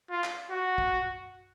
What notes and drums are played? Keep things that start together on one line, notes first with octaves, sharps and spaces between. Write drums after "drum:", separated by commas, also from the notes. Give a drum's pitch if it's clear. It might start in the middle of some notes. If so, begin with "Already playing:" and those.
F4
drum: clap
F#4
drum: kick